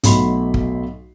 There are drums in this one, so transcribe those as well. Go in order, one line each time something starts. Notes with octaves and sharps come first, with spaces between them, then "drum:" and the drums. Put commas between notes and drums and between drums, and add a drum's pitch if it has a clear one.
B1 B2 F#3 A3 B5 C6, drum: hi-hat
drum: kick